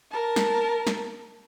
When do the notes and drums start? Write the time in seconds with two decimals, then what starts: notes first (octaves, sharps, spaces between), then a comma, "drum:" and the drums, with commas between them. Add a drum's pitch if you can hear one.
0.11 A#4 A5
0.36 drum: snare
0.87 drum: snare